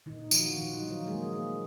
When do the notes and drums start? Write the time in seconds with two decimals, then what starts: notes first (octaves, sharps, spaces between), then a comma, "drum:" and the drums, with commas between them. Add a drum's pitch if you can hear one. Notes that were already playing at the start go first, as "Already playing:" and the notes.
0.06 A#2 D#3 D#4
0.31 F3 F4, drum: tambourine
0.40 F#4
0.48 F3 F4
0.57 A#2 D#3 D#4
0.73 D#3 D#4
0.82 F#3
0.90 F3 F4
1.07 G#3 A#3 G#4
1.33 A#3